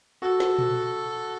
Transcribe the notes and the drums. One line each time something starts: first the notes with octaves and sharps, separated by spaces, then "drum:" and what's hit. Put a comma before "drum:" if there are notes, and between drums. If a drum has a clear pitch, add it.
F#4 A4
drum: snare
drum: tom A#2